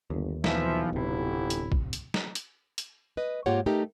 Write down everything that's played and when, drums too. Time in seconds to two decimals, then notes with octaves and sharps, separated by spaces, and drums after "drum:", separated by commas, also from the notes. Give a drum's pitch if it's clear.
0.10 G1 D#2
0.44 B1 E3 F3 E5, drum: snare
0.93 D1 G1 C3 E4
1.50 drum: hi-hat
1.72 drum: kick
1.93 drum: hi-hat
2.14 drum: snare
2.35 drum: hi-hat
2.78 drum: hi-hat
3.17 B4 D#5
3.46 G#2 A#3 F4 G4 C#5 F#5
3.66 A3 D#4 G4 A#4